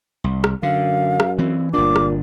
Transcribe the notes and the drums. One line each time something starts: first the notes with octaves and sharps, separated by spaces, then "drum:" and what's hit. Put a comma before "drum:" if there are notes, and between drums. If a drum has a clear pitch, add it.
C2
drum: rim click
F#2 D3 F5
drum: rim click
E3 C4
G1 A#2 D4 D6
drum: rim click